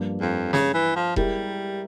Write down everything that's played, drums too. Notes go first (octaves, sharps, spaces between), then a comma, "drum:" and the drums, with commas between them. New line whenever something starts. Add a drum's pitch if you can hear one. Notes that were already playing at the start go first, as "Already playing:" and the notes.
Already playing: G2 F3 A#3
F2
C#3, drum: snare
E3
F3
G3 G#3 E4 G4 A#4 E5, drum: kick E1